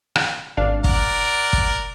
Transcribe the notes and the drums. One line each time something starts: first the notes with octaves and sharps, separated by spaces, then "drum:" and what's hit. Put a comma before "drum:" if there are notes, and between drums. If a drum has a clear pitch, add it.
drum: rim click
G#1 D4 F5
A#4 D5 F#5, drum: kick
drum: kick